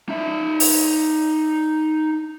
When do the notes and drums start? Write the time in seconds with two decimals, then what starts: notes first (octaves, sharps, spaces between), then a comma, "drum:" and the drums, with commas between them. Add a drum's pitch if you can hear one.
0.09 D#4 E5
0.60 drum: open hi-hat